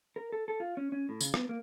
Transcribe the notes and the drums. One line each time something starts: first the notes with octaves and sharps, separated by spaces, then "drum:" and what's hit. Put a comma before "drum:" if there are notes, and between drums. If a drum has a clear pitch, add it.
A#4
A4
A4
F4
C#4
C#4
A2
C#3, drum: tambourine
B3, drum: rim click
A#3